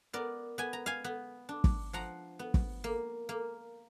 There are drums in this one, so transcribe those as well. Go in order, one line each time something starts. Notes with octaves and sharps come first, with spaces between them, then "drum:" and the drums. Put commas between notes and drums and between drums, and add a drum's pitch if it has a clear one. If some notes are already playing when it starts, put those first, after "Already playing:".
B3 A#4 D5
B3 G#5
A#5
F5 G#5
B3
D4
drum: kick
F3 F#5 A#5
B3
drum: kick
A#3
A#3